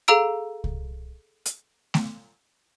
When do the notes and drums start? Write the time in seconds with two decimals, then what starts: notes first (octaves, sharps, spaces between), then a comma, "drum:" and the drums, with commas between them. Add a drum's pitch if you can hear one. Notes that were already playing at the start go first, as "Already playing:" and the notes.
0.08 G#4 A4 F5 A#5 E6 D7
0.64 drum: kick C2
1.46 drum: hi-hat
1.94 drum: snare A3